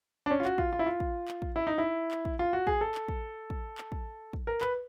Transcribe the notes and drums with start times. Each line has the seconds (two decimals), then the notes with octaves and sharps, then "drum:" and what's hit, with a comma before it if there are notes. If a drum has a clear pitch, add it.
0.26 D4
0.31 C#4
0.40 F4
0.45 F#4, drum: clap
0.58 F4, drum: kick
0.73 F4
0.79 E4
0.86 F4
1.00 drum: kick
1.28 drum: clap
1.42 drum: kick
1.56 E4
1.67 D#4
1.78 E4
2.11 drum: clap
2.25 drum: kick
2.39 F4
2.53 F#4
2.67 G#4, drum: kick
2.81 A4
2.95 drum: clap
3.08 drum: kick
3.50 drum: kick
3.78 drum: clap
3.92 drum: kick
4.33 drum: kick
4.47 A#4
4.61 B4, drum: clap